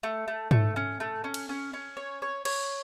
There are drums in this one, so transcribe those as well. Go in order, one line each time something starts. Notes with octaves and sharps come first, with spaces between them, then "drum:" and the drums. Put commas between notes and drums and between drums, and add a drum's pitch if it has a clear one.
A3
A3
A3, drum: tom G#2
C#4
A3
C#4
drum: cymbal
C#4
C#4
C#5
C#5
C#5, drum: cymbal